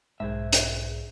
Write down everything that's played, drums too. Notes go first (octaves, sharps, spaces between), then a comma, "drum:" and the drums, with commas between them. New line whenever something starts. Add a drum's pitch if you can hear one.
B1 G#2 G#4 C5 E5
drum: hi-hat